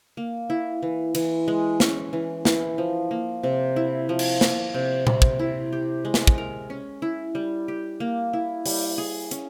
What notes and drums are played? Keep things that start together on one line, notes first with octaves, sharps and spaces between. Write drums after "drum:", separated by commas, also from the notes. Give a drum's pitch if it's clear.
A#3
E4
E3
E3, drum: cymbal
G#3
C#4, drum: snare
E3
E3, drum: snare
F3
A#3
C3
E4
F3
drum: cymbal
A#3, drum: snare
C3
C3, drum: tom A#2
drum: kick
E4
G4
G#3
drum: snare
drum: kick
A#4
C#4
E4
G3
G4
A#3
E4
G3, drum: open hi-hat
G#4
C#4, drum: hi-hat